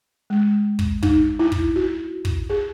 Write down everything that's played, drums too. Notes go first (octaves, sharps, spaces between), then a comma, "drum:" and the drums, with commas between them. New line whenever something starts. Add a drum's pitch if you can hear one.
G#3
drum: kick
D#4, drum: kick
E4
drum: kick
F#4
drum: kick
G#4